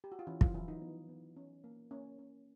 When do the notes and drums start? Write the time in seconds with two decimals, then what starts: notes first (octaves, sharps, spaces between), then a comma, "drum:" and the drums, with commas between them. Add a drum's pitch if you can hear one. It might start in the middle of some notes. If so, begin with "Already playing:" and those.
0.04 G4
0.12 F#4
0.19 F4
0.27 E3 C#4 E4
0.41 F3 F4, drum: kick
0.54 E3 F#3 E4
0.68 D#3 D#4
0.81 B3
1.09 B3
1.37 C#4
1.64 A#3
1.91 A#3 C#4
2.19 C#4